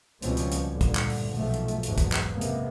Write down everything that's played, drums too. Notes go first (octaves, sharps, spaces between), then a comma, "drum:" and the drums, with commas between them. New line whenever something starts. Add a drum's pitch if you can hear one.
C#2 B2 F3 G3 C4 C#4, drum: hi-hat
drum: hi-hat
drum: hi-hat
D2 G2 A#2 D3
drum: kick, hi-hat
drum: clap
drum: open hi-hat
B1 G#2 F3 A3
drum: hi-hat
drum: hi-hat
F#1 B1 E2 G#2 B2, drum: hi-hat
drum: kick, hi-hat
drum: clap
F#2 C3 G#3 A#3 B3
drum: hi-hat